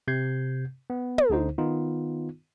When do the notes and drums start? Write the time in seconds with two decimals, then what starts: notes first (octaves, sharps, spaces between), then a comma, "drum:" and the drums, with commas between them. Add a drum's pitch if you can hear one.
0.08 C3 G6 G#6 C7
0.90 B3
1.18 drum: tom
1.30 D2 D3 D#4 C5
1.58 D#3 B3 D#4 F4